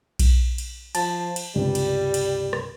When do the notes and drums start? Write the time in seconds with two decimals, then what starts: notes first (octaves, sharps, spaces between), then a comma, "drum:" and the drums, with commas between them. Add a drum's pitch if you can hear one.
0.19 drum: kick B1, cymbal
0.58 drum: cymbal
0.95 F3 A5, drum: cymbal
1.36 drum: cymbal
1.56 C#2 G2 C3 G3
1.75 drum: cymbal
2.14 drum: cymbal
2.53 drum: rim click